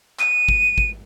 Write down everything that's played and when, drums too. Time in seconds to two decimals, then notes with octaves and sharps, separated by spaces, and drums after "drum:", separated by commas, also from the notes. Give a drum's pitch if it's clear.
0.19 D#7, drum: clap
0.49 drum: kick
0.78 drum: kick